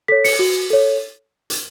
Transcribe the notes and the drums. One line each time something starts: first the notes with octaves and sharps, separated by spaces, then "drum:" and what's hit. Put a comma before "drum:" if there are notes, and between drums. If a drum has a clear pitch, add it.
A4 C#5 B6
C#7, drum: open hi-hat
F#4
A4 C#5
drum: hi-hat